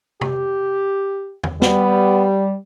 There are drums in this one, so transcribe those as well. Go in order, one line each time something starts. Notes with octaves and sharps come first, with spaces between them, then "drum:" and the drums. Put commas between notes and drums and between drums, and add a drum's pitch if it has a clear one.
G4, drum: tom C3
drum: tom E2
G3 B3, drum: snare